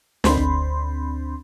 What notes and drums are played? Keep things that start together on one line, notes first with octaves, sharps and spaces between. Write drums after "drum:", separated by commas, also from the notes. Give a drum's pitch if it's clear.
D2 C4 D4 B5 C6, drum: snare
drum: kick